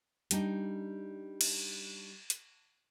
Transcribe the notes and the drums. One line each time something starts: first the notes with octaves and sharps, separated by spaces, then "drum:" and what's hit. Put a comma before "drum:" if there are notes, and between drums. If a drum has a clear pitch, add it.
G3 D4 D#4, drum: hi-hat
drum: cymbal
drum: hi-hat